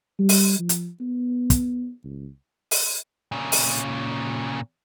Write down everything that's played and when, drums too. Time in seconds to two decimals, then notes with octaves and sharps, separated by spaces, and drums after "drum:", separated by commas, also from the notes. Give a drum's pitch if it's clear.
0.19 G3
0.29 drum: open hi-hat
0.59 F3
0.69 drum: hi-hat
1.00 B3
1.50 drum: kick, hi-hat
2.04 C#2
2.71 drum: open hi-hat
3.32 A#2 C#3
3.52 drum: open hi-hat